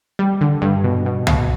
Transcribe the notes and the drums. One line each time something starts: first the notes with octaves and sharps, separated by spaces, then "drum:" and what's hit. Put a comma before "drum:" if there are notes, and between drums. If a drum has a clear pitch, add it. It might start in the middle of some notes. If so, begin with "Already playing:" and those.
G3
D3
G2
B2
B2
B2, drum: tom